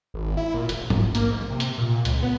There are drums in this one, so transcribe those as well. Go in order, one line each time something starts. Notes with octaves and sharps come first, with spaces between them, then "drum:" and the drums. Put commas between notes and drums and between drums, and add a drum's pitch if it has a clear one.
G#1
E4
A#2
F1, drum: hi-hat
A#1, drum: tom G#2
A#3, drum: hi-hat
G#2
C3
drum: hi-hat
A#2
C#2, drum: hi-hat
B3